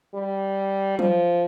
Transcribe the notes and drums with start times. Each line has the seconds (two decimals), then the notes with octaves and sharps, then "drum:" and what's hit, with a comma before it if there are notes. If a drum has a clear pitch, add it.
0.15 G3
0.99 F3, drum: tom F#3